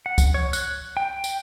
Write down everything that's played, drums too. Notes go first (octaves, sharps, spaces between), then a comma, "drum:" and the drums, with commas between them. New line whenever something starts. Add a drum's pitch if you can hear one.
F#5
drum: kick C#2, tambourine
C#5
F#6, drum: tambourine
G5
drum: tambourine